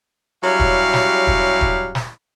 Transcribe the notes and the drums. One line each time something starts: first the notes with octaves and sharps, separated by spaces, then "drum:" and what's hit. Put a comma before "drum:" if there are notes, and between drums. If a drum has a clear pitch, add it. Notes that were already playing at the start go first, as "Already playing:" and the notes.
F#3 G3 C#4 E4 G4 F5
drum: kick
drum: snare
drum: kick
drum: kick
drum: snare